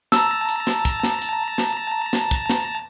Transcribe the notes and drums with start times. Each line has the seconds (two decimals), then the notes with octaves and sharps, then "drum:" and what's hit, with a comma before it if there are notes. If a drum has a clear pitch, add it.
0.12 A5 A#5 E6, drum: snare
0.49 drum: hi-hat
0.67 drum: snare
0.85 drum: kick, hi-hat
1.03 drum: snare
1.22 drum: hi-hat
1.58 drum: snare
2.13 drum: snare
2.31 drum: kick
2.49 drum: snare